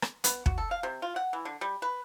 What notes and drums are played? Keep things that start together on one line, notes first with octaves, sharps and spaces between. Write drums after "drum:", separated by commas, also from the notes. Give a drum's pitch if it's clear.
drum: rim click
B3, drum: hi-hat
F#4, drum: kick
A4
F5
C3
F4
F#5
E3
D3
G3
B4